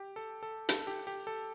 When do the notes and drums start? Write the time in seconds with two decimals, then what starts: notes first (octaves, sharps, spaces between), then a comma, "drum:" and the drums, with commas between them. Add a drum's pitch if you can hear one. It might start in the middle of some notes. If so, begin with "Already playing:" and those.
Already playing: G4
0.16 A4
0.43 A4
0.69 A4, drum: hi-hat
0.87 G4
1.07 G4
1.27 A4